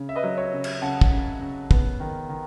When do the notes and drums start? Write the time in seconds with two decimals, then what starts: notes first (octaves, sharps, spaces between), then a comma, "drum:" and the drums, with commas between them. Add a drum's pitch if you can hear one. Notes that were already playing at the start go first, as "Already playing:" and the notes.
Already playing: C#3
0.09 E5
0.16 B4 D#5
0.23 F#3
0.38 C#5 E5
0.53 C#3
0.64 drum: cymbal
0.82 C#3 F#5 A5
1.01 drum: kick
1.12 C#3
1.41 C#3
1.71 B3, drum: kick
2.00 D#3
2.29 D#3